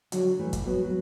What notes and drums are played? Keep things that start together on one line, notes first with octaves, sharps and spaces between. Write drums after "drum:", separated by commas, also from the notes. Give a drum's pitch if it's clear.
D3 F#3, drum: hi-hat
E3 A3
drum: kick, hi-hat
F#3 B3
F#3